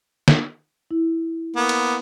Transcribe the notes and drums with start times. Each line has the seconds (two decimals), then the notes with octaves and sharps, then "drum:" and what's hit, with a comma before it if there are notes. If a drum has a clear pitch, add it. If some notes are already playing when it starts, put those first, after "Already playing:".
0.28 drum: snare
0.91 E4
1.56 A#3 B3
1.69 drum: cymbal